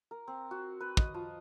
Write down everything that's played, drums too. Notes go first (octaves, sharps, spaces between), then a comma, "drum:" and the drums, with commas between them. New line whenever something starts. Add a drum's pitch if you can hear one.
A#4
C4
F#4
B4
D#5, drum: kick
F3